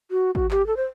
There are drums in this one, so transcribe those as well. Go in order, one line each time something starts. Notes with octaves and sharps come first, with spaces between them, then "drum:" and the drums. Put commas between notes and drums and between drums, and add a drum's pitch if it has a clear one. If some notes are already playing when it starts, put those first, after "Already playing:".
F#4
F#4, drum: kick
G4, drum: clap
A4
C5